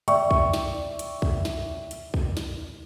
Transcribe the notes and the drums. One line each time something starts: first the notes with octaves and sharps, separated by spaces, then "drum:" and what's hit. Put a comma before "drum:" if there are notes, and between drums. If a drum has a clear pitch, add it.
D5 E5 G5 C#6, drum: hi-hat
drum: kick
drum: snare
drum: hi-hat
drum: kick
drum: snare
drum: hi-hat
drum: kick
drum: snare